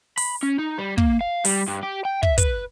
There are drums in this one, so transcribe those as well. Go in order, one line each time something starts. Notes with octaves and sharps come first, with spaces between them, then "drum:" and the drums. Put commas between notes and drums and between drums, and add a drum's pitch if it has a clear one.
B5, drum: open hi-hat
C#4
D#4
G3
A#3, drum: kick
F5
G3, drum: open hi-hat
G2
G4
G5
E5, drum: kick
B4, drum: kick, hi-hat